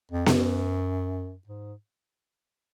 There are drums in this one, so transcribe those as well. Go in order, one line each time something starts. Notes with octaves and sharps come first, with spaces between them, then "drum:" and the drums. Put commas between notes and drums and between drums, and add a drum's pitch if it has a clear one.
F2
G2, drum: snare B3
F#2
G#2